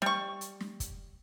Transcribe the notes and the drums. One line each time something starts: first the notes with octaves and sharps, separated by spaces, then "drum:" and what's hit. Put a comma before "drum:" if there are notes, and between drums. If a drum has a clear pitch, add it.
G3 C#6, drum: snare
drum: hi-hat
drum: snare
drum: kick, hi-hat